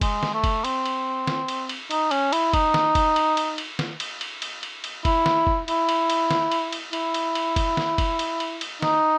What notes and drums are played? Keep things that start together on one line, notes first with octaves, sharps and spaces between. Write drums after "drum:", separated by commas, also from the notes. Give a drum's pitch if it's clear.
G#3, drum: kick, cymbal
drum: snare
A3
drum: kick, cymbal
C4, drum: cymbal
drum: cymbal
drum: snare
drum: cymbal
drum: cymbal
D#4, drum: cymbal
C#4, drum: cymbal
E4, drum: cymbal
D#4, drum: kick, cymbal
drum: snare
drum: kick, cymbal
drum: cymbal
drum: cymbal
drum: cymbal
drum: snare
drum: cymbal
drum: cymbal
drum: cymbal
drum: cymbal
drum: cymbal
E4, drum: kick, cymbal
drum: snare
drum: kick
E4, drum: cymbal
drum: cymbal
drum: cymbal
drum: snare
drum: cymbal
drum: cymbal
E4, drum: cymbal
drum: cymbal
drum: cymbal
drum: kick, cymbal
drum: snare
drum: kick, cymbal
drum: cymbal
drum: cymbal
drum: cymbal
D#4, drum: snare